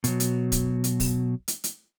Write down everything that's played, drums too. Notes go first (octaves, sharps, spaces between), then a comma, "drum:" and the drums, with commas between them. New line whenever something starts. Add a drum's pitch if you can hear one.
B2 F#3, drum: hi-hat
drum: hi-hat
drum: kick, hi-hat
drum: hi-hat
drum: kick, open hi-hat
drum: hi-hat
drum: hi-hat